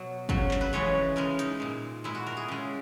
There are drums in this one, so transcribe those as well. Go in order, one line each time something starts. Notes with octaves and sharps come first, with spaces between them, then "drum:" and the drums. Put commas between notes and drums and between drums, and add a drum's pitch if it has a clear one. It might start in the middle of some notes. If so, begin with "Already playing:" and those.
Already playing: B2 F#3
C#3 F#3, drum: kick
drum: clap
B4
C#3 E3 G#3 C#5
C#3 G#3 A#4
D#4, drum: hi-hat
A#2 G#3
A#2 G#3 E4
F#4
A#4
G#4
C#3 G#3